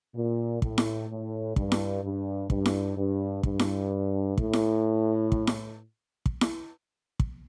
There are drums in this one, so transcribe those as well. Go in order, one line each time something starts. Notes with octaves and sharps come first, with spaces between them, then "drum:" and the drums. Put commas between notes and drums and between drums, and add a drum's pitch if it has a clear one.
A#2
A2, drum: kick
drum: snare E4
A2
G2, drum: kick
drum: snare E4
G2
G2, drum: kick
drum: snare E4
G2
G2, drum: kick
drum: snare E4
A2, drum: kick
drum: snare E4
drum: kick
drum: snare E4
drum: kick
drum: snare E4
drum: kick